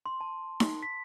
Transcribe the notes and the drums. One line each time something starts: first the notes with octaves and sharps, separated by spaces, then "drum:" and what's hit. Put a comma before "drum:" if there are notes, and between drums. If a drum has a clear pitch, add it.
C6
A5
drum: snare D#4
B6